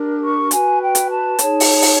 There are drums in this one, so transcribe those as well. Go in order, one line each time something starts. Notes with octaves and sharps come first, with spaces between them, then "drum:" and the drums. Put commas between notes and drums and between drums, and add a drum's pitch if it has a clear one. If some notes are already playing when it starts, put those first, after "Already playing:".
Already playing: D4 G4 A#4
C#6
F#4 B4 G#5, drum: hi-hat
G5
drum: hi-hat
A5
D#4 G#4 C#5, drum: hi-hat
drum: open hi-hat
drum: open hi-hat